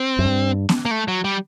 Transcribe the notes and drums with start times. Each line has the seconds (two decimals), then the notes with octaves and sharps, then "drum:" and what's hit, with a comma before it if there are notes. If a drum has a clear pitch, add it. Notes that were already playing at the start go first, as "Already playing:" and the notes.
Already playing: C4
0.19 F#2
0.25 G2
0.69 drum: snare B3
0.85 A#3
0.91 A3
1.08 F#3
1.24 G3